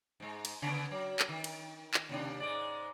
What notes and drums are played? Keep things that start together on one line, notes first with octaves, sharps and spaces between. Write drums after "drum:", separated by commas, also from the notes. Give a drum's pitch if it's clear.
G#2 G#3
drum: cymbal
C#3 B3
F#3
drum: clap
D#3
drum: cymbal
drum: clap
D#2 C3 D4
G#2 G#3 D5